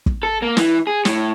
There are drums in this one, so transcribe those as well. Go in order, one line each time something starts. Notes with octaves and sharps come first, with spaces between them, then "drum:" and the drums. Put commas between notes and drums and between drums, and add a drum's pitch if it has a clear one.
drum: kick
A4
A#3
E3, drum: snare
G#4
A2, drum: snare